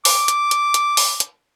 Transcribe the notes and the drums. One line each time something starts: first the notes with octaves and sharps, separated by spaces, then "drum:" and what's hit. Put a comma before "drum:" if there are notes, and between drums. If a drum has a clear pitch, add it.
D6, drum: open hi-hat
drum: hi-hat
drum: hi-hat
drum: hi-hat
drum: open hi-hat
drum: hi-hat